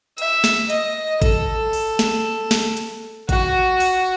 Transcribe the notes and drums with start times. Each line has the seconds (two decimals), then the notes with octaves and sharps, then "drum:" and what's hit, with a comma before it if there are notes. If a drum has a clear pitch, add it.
0.18 E5, drum: hi-hat
0.44 drum: snare
0.70 D#5, drum: hi-hat
1.22 A4, drum: kick G#1, hi-hat
1.73 drum: open hi-hat
1.99 drum: snare
2.51 drum: snare
2.77 drum: hi-hat
3.29 F#4, drum: kick G#1, hi-hat
3.80 drum: open hi-hat